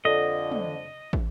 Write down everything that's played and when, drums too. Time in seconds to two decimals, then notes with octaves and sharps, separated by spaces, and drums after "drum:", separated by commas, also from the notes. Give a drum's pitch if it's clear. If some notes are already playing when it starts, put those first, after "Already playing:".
0.05 F2 D3 D#5
0.51 drum: tom
1.13 drum: kick